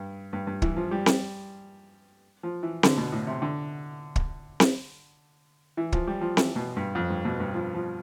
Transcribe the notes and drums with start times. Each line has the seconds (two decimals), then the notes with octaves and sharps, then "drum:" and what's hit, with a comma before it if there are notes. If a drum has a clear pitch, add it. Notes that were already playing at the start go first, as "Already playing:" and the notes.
Already playing: G2
0.33 G2
0.47 G2
0.62 E3, drum: kick
0.76 F3
0.91 G3
1.06 drum: snare C4
2.43 F3
2.63 E3
2.83 D3, drum: snare C4
2.97 B2
3.12 A2
3.27 C3
3.42 D3
4.16 drum: kick
4.60 drum: snare C4
5.77 E3
5.92 F3, drum: kick
6.07 G3
6.21 F3
6.37 E3, drum: snare C4
6.56 B2
6.76 G2
6.95 F2
7.10 G2
7.25 B2
7.40 G2
7.54 F3
7.74 F3